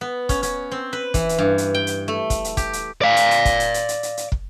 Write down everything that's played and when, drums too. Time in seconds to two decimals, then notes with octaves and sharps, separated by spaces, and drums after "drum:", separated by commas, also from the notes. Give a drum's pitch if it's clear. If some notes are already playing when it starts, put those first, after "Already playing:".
0.01 B3
0.29 C#4, drum: kick, hi-hat
0.43 C#4, drum: hi-hat
0.72 C4
0.93 B4
1.14 E3, drum: kick, hi-hat
1.29 drum: hi-hat
1.38 G2
1.58 drum: hi-hat
1.74 G5
1.87 drum: hi-hat
2.08 A3
2.30 drum: kick, hi-hat
2.44 drum: hi-hat
2.57 G4, drum: kick, hi-hat
2.73 drum: hi-hat
3.02 D5 F5
3.16 drum: hi-hat
3.31 drum: hi-hat
3.45 drum: kick, hi-hat
3.60 drum: hi-hat
3.74 drum: hi-hat
3.89 drum: hi-hat
4.03 drum: hi-hat
4.17 drum: hi-hat
4.32 drum: kick